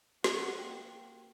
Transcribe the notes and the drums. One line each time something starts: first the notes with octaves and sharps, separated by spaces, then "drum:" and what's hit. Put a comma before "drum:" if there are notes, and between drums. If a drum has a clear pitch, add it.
F#5, drum: snare
A#3 G5